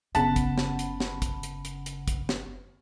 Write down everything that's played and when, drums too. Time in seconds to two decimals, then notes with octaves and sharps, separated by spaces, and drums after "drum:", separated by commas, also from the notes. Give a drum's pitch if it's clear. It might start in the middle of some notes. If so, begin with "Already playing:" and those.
0.15 F#1 C#3 B3 F#5 A5 B5, drum: hi-hat
0.36 drum: kick, hi-hat
0.58 drum: snare
0.79 drum: hi-hat
1.00 drum: snare
1.22 drum: kick, hi-hat
1.43 drum: hi-hat
1.65 drum: hi-hat
1.86 drum: hi-hat
2.08 drum: kick, hi-hat
2.29 drum: snare